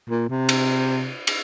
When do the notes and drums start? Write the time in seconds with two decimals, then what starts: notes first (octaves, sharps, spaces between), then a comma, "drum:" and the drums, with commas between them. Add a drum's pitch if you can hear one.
0.10 A#2
0.29 C3
0.49 drum: cymbal
1.27 drum: cymbal